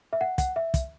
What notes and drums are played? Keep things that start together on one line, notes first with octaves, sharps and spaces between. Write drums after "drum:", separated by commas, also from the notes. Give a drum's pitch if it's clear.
E5
F#5
F#5, drum: kick, hi-hat
E5
drum: kick, hi-hat